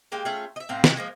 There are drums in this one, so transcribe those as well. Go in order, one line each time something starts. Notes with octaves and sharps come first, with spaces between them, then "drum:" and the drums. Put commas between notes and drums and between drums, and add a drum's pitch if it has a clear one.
G#3 A#3 G4
A3 C#4 F4 G#4
D#5 E5
A2 C4 F5
C3 G#3 A3, drum: snare
F3 G#3 A#3